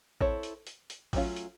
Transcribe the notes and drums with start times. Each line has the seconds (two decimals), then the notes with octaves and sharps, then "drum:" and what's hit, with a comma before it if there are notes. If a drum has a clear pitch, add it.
0.21 C4 E4 A4 C#5, drum: kick A1
0.43 drum: hi-hat
0.67 drum: hi-hat
0.90 drum: hi-hat
1.13 F#3 A3 C#4 F4, drum: kick A1, open hi-hat
1.36 drum: hi-hat